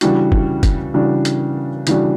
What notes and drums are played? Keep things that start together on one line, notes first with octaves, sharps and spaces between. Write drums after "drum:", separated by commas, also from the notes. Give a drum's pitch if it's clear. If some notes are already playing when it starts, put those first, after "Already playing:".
C#3 E3 G3 D4 F#4, drum: hi-hat
drum: kick
drum: kick, hi-hat
C#3 E3 G3 D4 F#4
drum: hi-hat
C#3 E3 G3 D4 F#4, drum: hi-hat